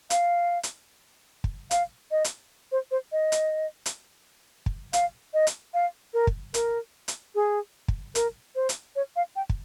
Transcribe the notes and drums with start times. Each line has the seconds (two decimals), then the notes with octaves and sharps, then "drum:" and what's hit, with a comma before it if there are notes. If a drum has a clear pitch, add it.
0.10 F5, drum: hi-hat
0.63 drum: hi-hat
1.44 drum: kick
1.71 F5, drum: hi-hat
2.11 D#5
2.24 drum: hi-hat
2.72 C5
2.91 C5
3.12 D#5
3.32 drum: hi-hat
3.86 drum: hi-hat
4.66 drum: kick
4.93 F5, drum: hi-hat
5.33 D#5
5.47 drum: hi-hat
5.74 F5
6.14 A#4
6.27 drum: kick
6.54 A#4, drum: hi-hat
7.08 drum: hi-hat
7.35 G#4
7.88 drum: kick
8.15 A#4, drum: hi-hat
8.55 C5
8.69 drum: hi-hat
8.96 C#5
9.16 F5
9.36 G5
9.49 drum: kick